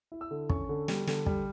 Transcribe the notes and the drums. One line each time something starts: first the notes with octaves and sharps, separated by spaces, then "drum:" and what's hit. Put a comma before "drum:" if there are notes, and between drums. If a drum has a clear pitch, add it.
E4
E6
D3
C#4 C#6, drum: kick
D3
G3, drum: snare
D3, drum: snare
G3, drum: kick